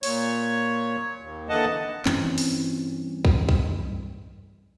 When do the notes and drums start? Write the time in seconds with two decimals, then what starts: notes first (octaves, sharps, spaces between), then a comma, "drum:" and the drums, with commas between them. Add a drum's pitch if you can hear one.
0.03 A#2 C#5, drum: open hi-hat
1.21 D#2
1.49 D3 E3 A#3 D#5 F#5 A5
2.05 G2 E3 C4 C#4, drum: clap
2.38 drum: open hi-hat
3.25 drum: kick
3.49 drum: kick